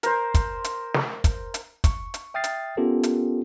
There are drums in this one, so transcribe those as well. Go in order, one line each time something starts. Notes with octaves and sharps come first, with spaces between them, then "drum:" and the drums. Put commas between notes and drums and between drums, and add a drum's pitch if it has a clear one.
A#4 C5, drum: hi-hat
drum: kick, hi-hat
drum: hi-hat
drum: snare
drum: kick, hi-hat
drum: hi-hat
C#6, drum: kick, hi-hat
drum: hi-hat
E5 G5 D#6 F6 A6 C7
drum: hi-hat
B3 C#4 F4 G4 A4 A#4
drum: hi-hat